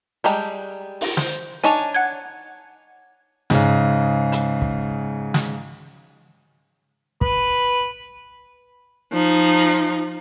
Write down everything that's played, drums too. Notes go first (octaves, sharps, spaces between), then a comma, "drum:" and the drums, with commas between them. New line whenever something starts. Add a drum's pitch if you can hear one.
G3 G#3 G5 A5 A#5, drum: hi-hat
drum: open hi-hat
C5, drum: snare
D4 D#4 C#5 G#5 A5 F7, drum: hi-hat
F#5 F#6 G#6
G#2 C#3, drum: snare
drum: hi-hat
drum: kick
drum: snare
B4, drum: kick
F3 D#4